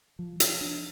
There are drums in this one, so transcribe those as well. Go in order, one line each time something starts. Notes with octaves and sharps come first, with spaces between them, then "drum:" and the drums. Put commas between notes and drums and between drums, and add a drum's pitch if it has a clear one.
F3
F3, drum: hi-hat
D4